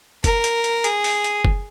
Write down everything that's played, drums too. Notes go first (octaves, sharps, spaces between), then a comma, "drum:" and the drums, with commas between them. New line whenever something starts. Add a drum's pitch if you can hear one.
A#4, drum: kick F#1, hi-hat
drum: hi-hat
drum: hi-hat
G#4, drum: hi-hat
drum: open hi-hat
drum: hi-hat
drum: kick F#1